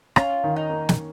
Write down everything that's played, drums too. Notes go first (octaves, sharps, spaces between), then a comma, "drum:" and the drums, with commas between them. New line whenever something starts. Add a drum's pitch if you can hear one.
C#4 F4, drum: rim click
D#3
D#4
A#3
drum: snare